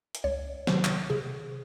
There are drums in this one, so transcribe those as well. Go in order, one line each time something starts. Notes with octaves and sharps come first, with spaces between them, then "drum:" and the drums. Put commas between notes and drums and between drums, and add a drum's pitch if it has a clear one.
drum: hi-hat
C#2 C#5
C3 D#3 F#3 C5, drum: snare
drum: clap
C3 G#4